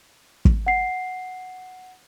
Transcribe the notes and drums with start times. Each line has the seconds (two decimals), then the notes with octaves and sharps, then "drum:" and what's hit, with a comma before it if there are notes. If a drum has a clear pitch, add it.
0.45 drum: kick
0.66 F#5 C7